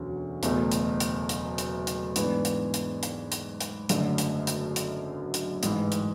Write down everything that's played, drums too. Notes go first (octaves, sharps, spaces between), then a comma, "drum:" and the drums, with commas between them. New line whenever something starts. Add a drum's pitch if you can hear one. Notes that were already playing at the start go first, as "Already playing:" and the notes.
Already playing: E1 D2 D3 F#3 C#4
F#1 E2 B2 F#3 A3, drum: hi-hat
drum: hi-hat
drum: hi-hat
drum: hi-hat
drum: hi-hat
drum: hi-hat
G#2 E3 B3 D4, drum: hi-hat
drum: hi-hat
drum: hi-hat
drum: hi-hat
drum: hi-hat
drum: hi-hat
F#1 F#2 D3 F#3 A3, drum: hi-hat
drum: hi-hat
drum: hi-hat
drum: hi-hat
drum: hi-hat
A1 G#2 E3, drum: hi-hat
drum: hi-hat